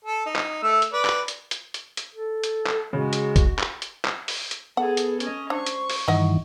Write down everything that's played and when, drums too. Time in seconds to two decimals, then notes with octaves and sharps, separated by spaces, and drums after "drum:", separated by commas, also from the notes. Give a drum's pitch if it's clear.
0.04 A4
0.26 D#4
0.36 drum: clap
0.63 A3 E6
0.82 drum: hi-hat
0.93 B4 D5
1.05 drum: clap
1.28 drum: hi-hat
1.51 drum: hi-hat
1.74 drum: hi-hat
1.97 drum: hi-hat
2.15 A4
2.44 drum: hi-hat
2.67 drum: clap
2.93 C#3 G#3 F#4
3.13 drum: hi-hat
3.36 drum: kick, hi-hat
3.59 drum: clap
3.82 drum: hi-hat
4.05 drum: clap
4.28 drum: open hi-hat
4.51 drum: hi-hat
4.77 B3 G#4 A4 F#5
4.97 drum: hi-hat
5.20 C#4 D#5, drum: hi-hat
5.50 D4 C5 C#6
5.66 drum: hi-hat
5.90 drum: open hi-hat
6.08 G2 D#3 E3 D#4 D#5 F#5